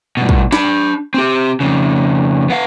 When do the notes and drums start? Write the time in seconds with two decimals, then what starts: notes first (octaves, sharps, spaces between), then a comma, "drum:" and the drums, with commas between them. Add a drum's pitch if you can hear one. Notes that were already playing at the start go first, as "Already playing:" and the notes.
0.17 G2 B2
0.29 drum: kick
0.52 D4 B5, drum: snare
1.14 C4 G4
1.60 F2 C#3
2.50 B3 F5